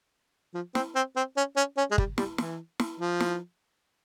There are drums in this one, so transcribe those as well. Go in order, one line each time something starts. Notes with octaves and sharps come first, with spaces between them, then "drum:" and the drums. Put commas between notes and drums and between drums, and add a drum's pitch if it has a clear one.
F3
C4, drum: snare
C4
C4
C#4
C#4
C#4
G#3
G3, drum: kick G1
G3, drum: snare
E3, drum: snare
drum: snare
F3
drum: snare